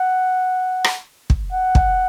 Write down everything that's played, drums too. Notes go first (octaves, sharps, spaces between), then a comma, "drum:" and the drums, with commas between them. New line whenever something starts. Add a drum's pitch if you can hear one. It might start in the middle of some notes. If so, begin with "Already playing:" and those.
Already playing: F#5
drum: rim click
drum: kick
F#5
drum: kick